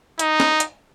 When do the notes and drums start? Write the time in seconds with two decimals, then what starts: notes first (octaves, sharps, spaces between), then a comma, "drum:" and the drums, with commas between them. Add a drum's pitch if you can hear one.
0.19 D#4, drum: hi-hat
0.40 drum: snare
0.60 drum: hi-hat